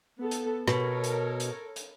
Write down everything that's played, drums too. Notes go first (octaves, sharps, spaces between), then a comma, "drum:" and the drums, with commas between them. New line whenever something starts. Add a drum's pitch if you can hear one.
B3 A4
drum: hi-hat
B2 A4 A#4 C#5, drum: rim click
drum: hi-hat
drum: hi-hat
drum: hi-hat